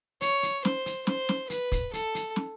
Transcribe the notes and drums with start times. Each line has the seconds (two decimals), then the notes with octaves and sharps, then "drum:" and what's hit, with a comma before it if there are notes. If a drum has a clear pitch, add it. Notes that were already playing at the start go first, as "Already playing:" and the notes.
0.21 C#5, drum: hi-hat
0.43 drum: hi-hat
0.65 C5, drum: snare
0.86 drum: hi-hat
1.07 C5, drum: snare
1.29 drum: snare
1.50 B4, drum: hi-hat
1.72 drum: kick, hi-hat
1.93 A4, drum: hi-hat
2.15 drum: hi-hat
2.36 drum: snare